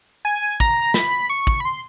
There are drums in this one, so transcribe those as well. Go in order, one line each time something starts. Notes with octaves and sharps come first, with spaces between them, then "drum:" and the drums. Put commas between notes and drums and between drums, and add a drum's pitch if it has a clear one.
G#5
A#5, drum: kick
B5, drum: snare
C#6
drum: kick
B5
C6